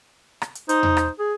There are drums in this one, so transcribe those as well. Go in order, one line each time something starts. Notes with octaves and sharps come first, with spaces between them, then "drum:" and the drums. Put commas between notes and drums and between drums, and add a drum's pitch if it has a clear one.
drum: rim click
drum: hi-hat
D#4 C5, drum: hi-hat
drum: tom E2
drum: rim click
G#4